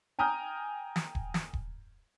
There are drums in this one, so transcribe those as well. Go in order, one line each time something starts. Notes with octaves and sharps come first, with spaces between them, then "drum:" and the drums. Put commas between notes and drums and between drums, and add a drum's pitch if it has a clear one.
G5 G#5 A#5 D#6 F6 G6
drum: snare
drum: kick D#1
drum: snare
drum: kick D#1